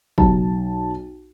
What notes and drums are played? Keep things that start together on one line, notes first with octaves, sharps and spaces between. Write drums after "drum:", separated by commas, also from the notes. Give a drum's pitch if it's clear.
B1 A5, drum: kick